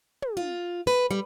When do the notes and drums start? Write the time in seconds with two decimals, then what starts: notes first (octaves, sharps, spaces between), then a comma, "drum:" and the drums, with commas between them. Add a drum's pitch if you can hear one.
0.22 drum: tom
0.37 F4
0.87 B4
1.11 G3